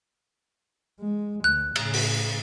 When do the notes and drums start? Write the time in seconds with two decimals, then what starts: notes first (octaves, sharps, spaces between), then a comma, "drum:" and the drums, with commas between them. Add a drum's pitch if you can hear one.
1.00 G#3
1.44 D2 F#6
1.76 A2 C#3, drum: cymbal
1.94 drum: open hi-hat